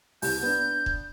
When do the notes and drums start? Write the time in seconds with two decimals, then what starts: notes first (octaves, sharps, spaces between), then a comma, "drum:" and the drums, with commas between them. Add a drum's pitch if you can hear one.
0.22 C2 G6, drum: open hi-hat
0.42 B3 D4
0.86 drum: kick C#1